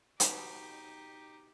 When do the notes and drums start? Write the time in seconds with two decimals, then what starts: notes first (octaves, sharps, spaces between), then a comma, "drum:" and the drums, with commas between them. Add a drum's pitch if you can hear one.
0.20 B2 D#4 G4, drum: hi-hat